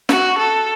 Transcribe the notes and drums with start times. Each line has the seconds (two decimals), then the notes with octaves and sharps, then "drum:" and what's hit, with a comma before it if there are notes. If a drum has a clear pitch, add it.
0.09 F#4, drum: snare
0.38 A4